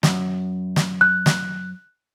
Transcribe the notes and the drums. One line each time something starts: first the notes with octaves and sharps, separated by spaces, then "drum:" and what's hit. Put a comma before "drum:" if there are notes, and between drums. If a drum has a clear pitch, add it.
F#2, drum: snare
drum: snare
F#6
drum: snare